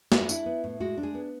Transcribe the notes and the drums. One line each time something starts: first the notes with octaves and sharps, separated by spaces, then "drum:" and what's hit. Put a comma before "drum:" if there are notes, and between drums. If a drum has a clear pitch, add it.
G#3 E4, drum: snare
F#4
D4 E4, drum: tambourine
B3
A2
G#3 F#4
D4
G#4
B3